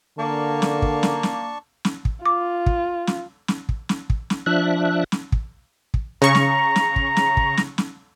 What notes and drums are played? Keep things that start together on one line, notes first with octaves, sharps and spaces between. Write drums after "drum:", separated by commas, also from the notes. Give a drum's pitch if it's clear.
D3 A#3 D4 A5 C#6
drum: snare
drum: kick
drum: snare
drum: snare
drum: snare
drum: kick
F4 D6
drum: kick
drum: snare
drum: snare
drum: kick
drum: snare
drum: kick
drum: snare
F3 D4 E5 F#6
drum: snare
drum: kick
drum: kick
C#3 A#5 C#6
drum: snare
drum: snare
drum: kick
drum: snare
drum: kick
drum: snare
drum: snare